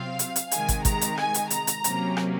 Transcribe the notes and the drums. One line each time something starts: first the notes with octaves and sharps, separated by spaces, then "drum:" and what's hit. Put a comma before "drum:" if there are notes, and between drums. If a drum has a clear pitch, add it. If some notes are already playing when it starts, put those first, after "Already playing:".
Already playing: C3 F#3 C4 F4 F5
drum: hi-hat
drum: hi-hat
C3 D#3 G#3 G#5, drum: hi-hat
drum: kick, hi-hat
A#5, drum: kick, hi-hat
drum: hi-hat
G#5, drum: rim click
drum: hi-hat
A#5, drum: hi-hat
drum: hi-hat
C3 F#3 A#3 C#4, drum: hi-hat
drum: rim click